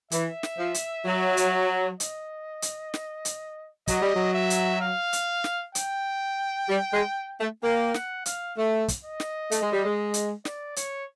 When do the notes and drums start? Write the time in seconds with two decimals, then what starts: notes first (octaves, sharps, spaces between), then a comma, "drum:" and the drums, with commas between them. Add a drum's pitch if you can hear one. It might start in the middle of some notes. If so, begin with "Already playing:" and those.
0.11 E3 E5, drum: hi-hat
0.43 drum: snare
0.59 F3
0.74 drum: hi-hat
1.05 F#3
1.37 drum: hi-hat
2.00 D#5, drum: hi-hat
2.62 drum: hi-hat
2.94 drum: snare
3.25 drum: hi-hat
3.88 F#3 D#5, drum: kick, hi-hat
4.01 G3
4.14 F#3
4.34 E5
4.50 drum: hi-hat
4.81 F5
5.13 drum: hi-hat
5.44 drum: snare
5.75 G5, drum: hi-hat
6.69 G3
6.93 G#3
7.40 A3
7.63 A#3 G5
7.94 F#5, drum: snare
8.26 F5, drum: hi-hat
8.57 A3
8.88 drum: kick, hi-hat
9.04 D#5
9.20 drum: snare
9.51 A3, drum: hi-hat
9.62 G#3
9.73 G3
9.85 G#3
10.14 drum: hi-hat
10.45 D5, drum: snare
10.76 C#5, drum: hi-hat